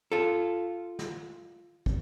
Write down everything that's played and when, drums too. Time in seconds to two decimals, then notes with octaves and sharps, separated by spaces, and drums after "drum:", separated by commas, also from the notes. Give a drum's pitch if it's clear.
0.12 F4 A4
0.99 drum: snare
1.86 drum: kick